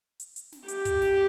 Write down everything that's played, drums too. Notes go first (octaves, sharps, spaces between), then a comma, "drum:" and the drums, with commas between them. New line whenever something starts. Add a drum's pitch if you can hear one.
drum: hi-hat
drum: hi-hat
drum: snare
G4, drum: hi-hat
drum: kick, hi-hat
drum: snare